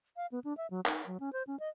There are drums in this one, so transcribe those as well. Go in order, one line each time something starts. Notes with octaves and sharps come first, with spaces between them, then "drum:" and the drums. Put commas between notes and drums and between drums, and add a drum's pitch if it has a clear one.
F5
B3
D4
E5
F#3
D#4, drum: clap
F#3
C#4
C5
C#4
D#5